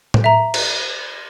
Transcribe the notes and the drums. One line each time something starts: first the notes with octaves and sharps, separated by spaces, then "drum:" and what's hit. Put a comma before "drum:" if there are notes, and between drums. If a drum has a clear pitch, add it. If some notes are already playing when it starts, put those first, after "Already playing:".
drum: tom A2
E5 A#5
drum: cymbal